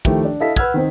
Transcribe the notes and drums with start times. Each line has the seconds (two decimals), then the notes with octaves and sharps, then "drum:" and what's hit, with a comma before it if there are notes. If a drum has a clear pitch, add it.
0.05 D#3 F3 A3 E4 G4, drum: kick
0.25 D4
0.40 E4 A4 D#5 F5 B6
0.56 B4 F#5 E6 F6 G#6, drum: kick
0.74 D#3 C4 D#4